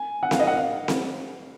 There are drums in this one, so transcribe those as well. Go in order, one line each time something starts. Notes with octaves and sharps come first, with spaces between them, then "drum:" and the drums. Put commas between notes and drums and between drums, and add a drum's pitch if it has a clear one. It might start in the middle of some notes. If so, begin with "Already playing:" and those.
Already playing: G#5
F#5
F5, drum: snare C4
D#5
F#5
F5
drum: snare C4